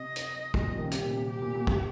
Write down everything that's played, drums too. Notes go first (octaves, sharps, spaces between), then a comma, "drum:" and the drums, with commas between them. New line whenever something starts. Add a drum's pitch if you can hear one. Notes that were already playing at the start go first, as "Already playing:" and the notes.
Already playing: C3 D#5
drum: hi-hat
A#2, drum: kick
G3
F3
D#3
C#3
C3 G4, drum: hi-hat
A#2
C3
G4
A#2
A#2
C3, drum: kick